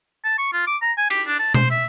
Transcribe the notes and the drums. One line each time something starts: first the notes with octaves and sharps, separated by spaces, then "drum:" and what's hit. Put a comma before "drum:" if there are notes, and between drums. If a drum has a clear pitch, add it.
A5
C#6
F4
D6
A#5
G#5
G4, drum: cymbal
D4
A5
C5, drum: tom B2
E5